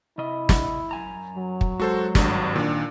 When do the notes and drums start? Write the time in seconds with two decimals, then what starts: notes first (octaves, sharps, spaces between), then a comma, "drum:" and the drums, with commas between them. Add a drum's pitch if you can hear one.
0.18 C3 E4 D#5
0.49 drum: snare
0.91 F#2 G#5 A#5
1.37 F#3
1.61 drum: kick
1.80 G#3 F#4 A4 C5
2.15 G#1 G2, drum: snare
2.56 A#2 D#3 D4